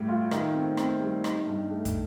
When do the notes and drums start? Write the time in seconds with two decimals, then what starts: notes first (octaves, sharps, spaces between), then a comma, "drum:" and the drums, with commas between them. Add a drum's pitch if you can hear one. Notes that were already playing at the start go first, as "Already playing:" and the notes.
Already playing: A2 G3
0.08 F4
0.31 D#3, drum: rim click
0.54 C4
0.77 C4, drum: rim click
1.00 G3
1.24 D#4, drum: rim click
1.47 G2
1.70 A3
1.85 drum: kick, hi-hat